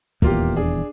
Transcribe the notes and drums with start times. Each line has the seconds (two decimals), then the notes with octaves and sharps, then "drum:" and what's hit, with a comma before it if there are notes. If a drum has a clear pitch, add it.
0.22 D#1 E2 A#3 F4 G4, drum: kick
0.56 D4 G#4